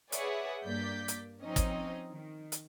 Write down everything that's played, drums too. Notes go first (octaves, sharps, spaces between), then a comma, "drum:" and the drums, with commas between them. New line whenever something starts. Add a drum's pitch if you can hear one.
G#4 B4 C#5 D5 E5 F#5, drum: hi-hat
G2 A#3 D5 G6 B6
drum: hi-hat
F3 C4 C#4 D#4 D#5
drum: kick, hi-hat
D#3
drum: hi-hat